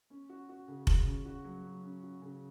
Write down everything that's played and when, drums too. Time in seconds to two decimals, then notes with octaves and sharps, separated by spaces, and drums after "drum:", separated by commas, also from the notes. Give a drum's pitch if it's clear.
0.10 C#4
0.30 F#4
0.49 F#4
0.68 C#3
0.87 C#3, drum: kick F1
1.07 C#4
1.25 F#4
1.44 F#3
1.63 F#3
1.83 C#4
2.03 F#4
2.22 C#3